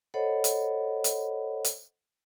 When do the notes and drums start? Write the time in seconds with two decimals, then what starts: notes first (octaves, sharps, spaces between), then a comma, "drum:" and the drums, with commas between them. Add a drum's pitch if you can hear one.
0.14 A4 C5 C#5 D#5 F#5 B5
0.44 drum: hi-hat
1.04 drum: hi-hat
1.64 drum: hi-hat